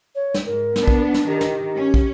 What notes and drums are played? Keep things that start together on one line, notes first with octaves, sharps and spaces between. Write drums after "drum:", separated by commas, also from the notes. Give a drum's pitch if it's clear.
C#5
drum: snare
G#2 A#4
B3 D4, drum: snare
drum: kick
drum: snare
D#3 G4
drum: snare
C#4
drum: kick